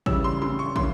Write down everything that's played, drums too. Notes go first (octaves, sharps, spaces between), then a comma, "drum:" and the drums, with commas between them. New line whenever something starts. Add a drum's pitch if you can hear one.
C#3 E3 G3 E6, drum: kick
C6
C6, drum: tom
C#6
E3 A#3 C#4 C6, drum: kick